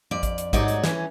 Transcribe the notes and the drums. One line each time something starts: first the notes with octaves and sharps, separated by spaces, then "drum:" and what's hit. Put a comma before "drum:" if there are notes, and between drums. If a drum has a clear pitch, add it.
F2 D5
drum: kick A1, hi-hat
drum: hi-hat
G#2 F#3 D#4 C#5 D5, drum: kick A1, hi-hat
drum: hi-hat
E3 C#4, drum: snare